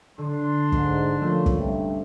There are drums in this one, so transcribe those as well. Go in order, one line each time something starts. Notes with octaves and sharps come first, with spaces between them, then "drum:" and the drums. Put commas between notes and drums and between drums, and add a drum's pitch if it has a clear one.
D3 D4 C6
G#2, drum: kick
F3 A3 A#3 C#4
drum: kick
G2 C3